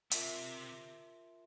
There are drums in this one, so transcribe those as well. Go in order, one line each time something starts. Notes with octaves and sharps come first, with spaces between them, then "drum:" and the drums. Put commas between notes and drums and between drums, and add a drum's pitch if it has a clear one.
C3 F4 A#4 E5 A5 C6, drum: hi-hat